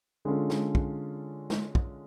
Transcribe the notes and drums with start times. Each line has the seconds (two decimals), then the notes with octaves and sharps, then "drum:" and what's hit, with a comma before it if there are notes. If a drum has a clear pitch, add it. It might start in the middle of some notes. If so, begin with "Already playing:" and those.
0.25 D3 G#3 C#4 F4 A4
0.50 drum: snare
0.75 drum: kick
1.50 drum: snare
1.75 drum: kick